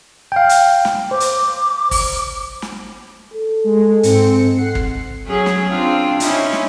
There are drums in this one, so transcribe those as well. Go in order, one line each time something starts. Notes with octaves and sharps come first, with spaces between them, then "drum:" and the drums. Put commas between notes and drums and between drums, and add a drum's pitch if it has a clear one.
F5 G5
drum: hi-hat
drum: snare
C5 D6
drum: hi-hat
drum: kick, open hi-hat
drum: snare
A4
G#3
G#2 C4 C#7, drum: hi-hat
F#5 C7
drum: kick
F#3 C#4 G#4
drum: snare
C4 D4 F4
C#4 D#4 E4, drum: hi-hat
drum: snare